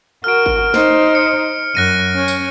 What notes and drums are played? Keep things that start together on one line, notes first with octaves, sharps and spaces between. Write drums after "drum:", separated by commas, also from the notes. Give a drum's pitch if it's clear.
F#4 A#4 F6 D7
drum: kick G#1
D#4 C5, drum: snare
C#7
F#2 F#6 A#6 D#7
C#4
drum: tambourine